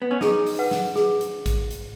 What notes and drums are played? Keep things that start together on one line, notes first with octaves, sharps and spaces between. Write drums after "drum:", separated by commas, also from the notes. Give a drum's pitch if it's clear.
B3
C#4
D#4 G#4, drum: snare
drum: open hi-hat
B4 F#5
drum: snare
G#4, drum: snare
drum: hi-hat
drum: kick, hi-hat
drum: hi-hat